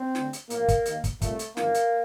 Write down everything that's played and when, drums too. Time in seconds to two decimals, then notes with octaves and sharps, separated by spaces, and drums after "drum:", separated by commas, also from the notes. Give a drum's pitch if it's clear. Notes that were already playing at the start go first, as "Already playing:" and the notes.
Already playing: C4
0.15 D2 D3, drum: snare
0.33 drum: hi-hat
0.50 A#1 A2 A#3, drum: hi-hat
0.68 drum: kick, hi-hat
0.85 D#2 D#3, drum: hi-hat
1.04 drum: kick, hi-hat
1.21 C2 A#2 A3, drum: kick, hi-hat
1.39 drum: hi-hat
1.57 G1 F2 D#3 A#3, drum: snare
1.74 drum: hi-hat